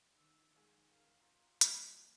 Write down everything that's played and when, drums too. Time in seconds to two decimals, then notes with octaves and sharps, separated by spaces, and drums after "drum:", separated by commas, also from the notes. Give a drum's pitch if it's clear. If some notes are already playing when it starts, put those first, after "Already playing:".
0.17 D#3 E6
0.56 C#2 G#4
0.88 A#4 F5
1.20 F4 A#5
1.61 E2 F#3 G3 A#3, drum: hi-hat